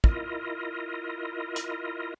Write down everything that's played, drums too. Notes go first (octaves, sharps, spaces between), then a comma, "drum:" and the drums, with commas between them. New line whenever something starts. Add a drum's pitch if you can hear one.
E4 F4 A#4 D#5, drum: kick
drum: hi-hat